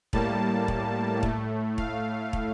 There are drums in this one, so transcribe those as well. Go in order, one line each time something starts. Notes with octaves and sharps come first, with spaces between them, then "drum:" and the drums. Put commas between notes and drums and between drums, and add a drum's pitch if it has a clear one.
A2 G3 A#3 A5, drum: kick
drum: kick
A2 A3, drum: kick
F5, drum: kick
drum: kick